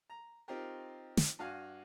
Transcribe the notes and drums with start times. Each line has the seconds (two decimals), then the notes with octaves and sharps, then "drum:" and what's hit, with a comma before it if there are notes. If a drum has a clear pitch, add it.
0.10 A#5
0.48 C4 D#4 F4 G4 A#4
1.17 drum: snare
1.39 G2 F#4 F5 G#5